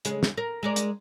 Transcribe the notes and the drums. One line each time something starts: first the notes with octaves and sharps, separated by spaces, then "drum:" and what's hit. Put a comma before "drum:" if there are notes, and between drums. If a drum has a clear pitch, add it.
C#3 G#3, drum: hi-hat
drum: snare
A#4
G#3 A#4 D5
drum: hi-hat